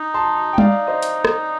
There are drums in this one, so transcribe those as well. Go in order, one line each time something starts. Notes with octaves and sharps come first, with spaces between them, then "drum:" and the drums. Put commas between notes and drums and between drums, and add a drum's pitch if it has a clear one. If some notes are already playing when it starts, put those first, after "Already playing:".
Already playing: D#4
A5 C6
G5
D#4 D5 F5, drum: tom G3
C5 D#5
drum: hi-hat
drum: rim click